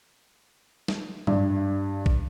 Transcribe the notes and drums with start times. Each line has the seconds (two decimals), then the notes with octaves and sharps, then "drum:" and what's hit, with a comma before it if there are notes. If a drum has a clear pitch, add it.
0.88 drum: snare
1.27 G2, drum: tom G#2
2.06 drum: kick A#1